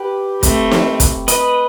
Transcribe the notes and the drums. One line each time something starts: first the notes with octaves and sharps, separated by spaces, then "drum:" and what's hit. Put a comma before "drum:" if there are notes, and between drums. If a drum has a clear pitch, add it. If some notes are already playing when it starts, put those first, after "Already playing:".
Already playing: G4 B4
A3 C4, drum: kick, hi-hat
drum: snare
drum: kick, hi-hat
B4 D#5, drum: hi-hat